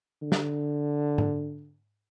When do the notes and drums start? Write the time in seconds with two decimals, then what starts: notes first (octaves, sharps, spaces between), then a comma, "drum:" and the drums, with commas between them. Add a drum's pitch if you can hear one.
0.22 D3
0.32 drum: snare
1.18 drum: tom G#2